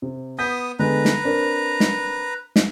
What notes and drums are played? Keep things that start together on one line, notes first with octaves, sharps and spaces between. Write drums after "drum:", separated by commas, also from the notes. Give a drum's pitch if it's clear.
C3
B3 D#6 G6 B6
D3 G#3 B3 B4 A#5
drum: snare
C4 D4 A#4
drum: snare
drum: snare